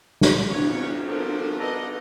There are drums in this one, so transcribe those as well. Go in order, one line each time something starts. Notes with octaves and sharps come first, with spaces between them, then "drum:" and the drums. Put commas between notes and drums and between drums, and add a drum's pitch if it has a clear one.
drum: snare
D4 E4 C#5, drum: cymbal
C3 F3 A4 A#4
A4 B4 D5 D#5 A#5